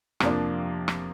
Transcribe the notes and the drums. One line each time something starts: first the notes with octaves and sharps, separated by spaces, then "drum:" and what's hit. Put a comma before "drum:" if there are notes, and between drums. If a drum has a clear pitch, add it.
F2 C3 F3 A#3 D4, drum: rim click
drum: rim click